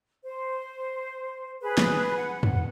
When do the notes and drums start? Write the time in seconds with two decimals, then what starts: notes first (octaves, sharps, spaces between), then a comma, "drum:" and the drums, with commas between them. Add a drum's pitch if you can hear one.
0.25 C5
1.62 G#4 B4
1.78 drum: snare
2.17 F#5
2.43 drum: tom